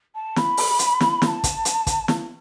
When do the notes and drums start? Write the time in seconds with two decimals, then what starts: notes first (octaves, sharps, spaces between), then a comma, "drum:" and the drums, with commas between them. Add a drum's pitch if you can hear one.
0.15 A5
0.36 B5, drum: snare
0.57 drum: open hi-hat
0.79 drum: hi-hat
1.01 drum: snare
1.22 B5, drum: snare
1.26 A5
1.44 drum: kick, hi-hat
1.65 drum: hi-hat
1.87 drum: kick, hi-hat
2.08 drum: snare